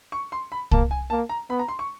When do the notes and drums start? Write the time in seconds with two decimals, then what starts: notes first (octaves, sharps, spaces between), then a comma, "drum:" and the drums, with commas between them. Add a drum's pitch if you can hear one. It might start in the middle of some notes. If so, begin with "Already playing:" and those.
0.12 C#6
0.32 C6
0.52 B5
0.71 A#3 A5, drum: kick C2
0.91 G#5
1.10 A#3 A5
1.29 A#5
1.50 B3 B5
1.59 A#5
1.68 C6
1.79 C#6